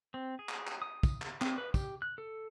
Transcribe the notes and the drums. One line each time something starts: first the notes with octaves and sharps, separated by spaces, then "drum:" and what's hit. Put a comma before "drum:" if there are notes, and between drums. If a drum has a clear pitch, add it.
C4
G#4
drum: clap
drum: clap
D#6
drum: kick, tambourine
drum: clap
C4, drum: clap
B4
G4, drum: kick, tambourine
F#6
A4